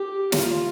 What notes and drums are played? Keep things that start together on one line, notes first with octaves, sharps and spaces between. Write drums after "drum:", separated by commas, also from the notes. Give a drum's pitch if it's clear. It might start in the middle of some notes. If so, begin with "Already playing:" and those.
Already playing: G4
F4, drum: snare